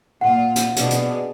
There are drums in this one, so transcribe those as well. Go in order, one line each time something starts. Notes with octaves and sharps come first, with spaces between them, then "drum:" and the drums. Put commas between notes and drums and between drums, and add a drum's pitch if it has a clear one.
A#2 F4 F#5
drum: hi-hat
B2 D4 G#4, drum: hi-hat
drum: hi-hat